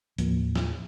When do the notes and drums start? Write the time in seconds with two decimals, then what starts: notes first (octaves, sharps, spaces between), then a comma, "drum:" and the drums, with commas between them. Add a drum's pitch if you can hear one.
0.18 D#2 A2 F3 A#3, drum: hi-hat
0.56 drum: snare